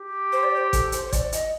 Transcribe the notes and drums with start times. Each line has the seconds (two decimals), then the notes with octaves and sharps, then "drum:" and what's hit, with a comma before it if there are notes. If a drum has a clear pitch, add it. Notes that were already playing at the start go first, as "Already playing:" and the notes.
Already playing: G4
0.32 C5
0.43 D5
0.55 C5
0.73 A4, drum: kick, hi-hat
0.92 C5, drum: hi-hat
1.07 C5
1.13 D5, drum: kick, hi-hat
1.32 D#5, drum: hi-hat